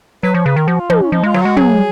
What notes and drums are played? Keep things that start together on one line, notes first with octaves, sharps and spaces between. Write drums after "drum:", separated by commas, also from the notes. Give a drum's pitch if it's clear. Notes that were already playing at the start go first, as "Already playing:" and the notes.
F#3 B4
F3 C#5
C#3 B4
D#3 A#4
F3 F#4
F4
F3 D#4, drum: tom
C#4
F3 D#4
G#3 F4
F#3, drum: snare
G#3 F#4
F#3 G#4, drum: tom